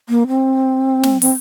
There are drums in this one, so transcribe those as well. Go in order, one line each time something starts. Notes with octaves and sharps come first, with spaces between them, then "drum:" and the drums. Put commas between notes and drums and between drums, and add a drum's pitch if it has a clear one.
A#3
C4
drum: snare
C4, drum: open hi-hat